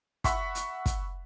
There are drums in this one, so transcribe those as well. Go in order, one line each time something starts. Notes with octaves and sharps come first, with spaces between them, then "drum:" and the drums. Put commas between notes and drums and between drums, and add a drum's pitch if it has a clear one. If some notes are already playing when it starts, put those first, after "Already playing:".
E5 F#5 B5 C#6 B6, drum: kick, hi-hat
drum: hi-hat
drum: kick, hi-hat